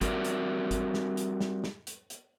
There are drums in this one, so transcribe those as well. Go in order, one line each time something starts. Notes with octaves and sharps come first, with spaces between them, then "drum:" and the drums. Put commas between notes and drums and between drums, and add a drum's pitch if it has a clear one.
G3 C4 F#4 A#4 D5 E5, drum: kick, hi-hat
drum: hi-hat
drum: kick, hi-hat
drum: snare
drum: hi-hat
drum: snare
drum: snare
drum: hi-hat
drum: hi-hat